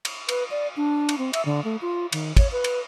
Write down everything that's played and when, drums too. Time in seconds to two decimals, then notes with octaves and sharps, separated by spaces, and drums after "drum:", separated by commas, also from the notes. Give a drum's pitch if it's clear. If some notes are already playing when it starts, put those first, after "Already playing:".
0.05 drum: cymbal
0.29 B4, drum: cymbal
0.51 D5
0.77 D4
1.09 drum: cymbal
1.18 C4
1.33 E5, drum: cymbal
1.45 D3
1.64 A3
1.82 F4
2.12 D#3, drum: cymbal
2.37 C#5, drum: kick, cymbal
2.52 B4
2.64 drum: cymbal